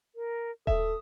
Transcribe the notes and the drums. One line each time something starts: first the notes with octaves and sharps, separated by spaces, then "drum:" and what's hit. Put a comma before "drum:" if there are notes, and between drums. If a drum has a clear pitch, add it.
A#4
A4 E5 D#6, drum: kick D#1